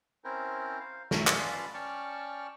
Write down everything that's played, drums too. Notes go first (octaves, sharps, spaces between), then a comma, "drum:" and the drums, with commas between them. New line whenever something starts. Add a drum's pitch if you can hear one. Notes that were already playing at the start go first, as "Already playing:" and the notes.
C4 C#4 E4 A#4 C5
C5 F5
G4 E5 A5 A#5 C#6, drum: snare
C#4 F4 B4 D5 A5 C6, drum: clap
C#4 D5 G5 A5 C#6 F6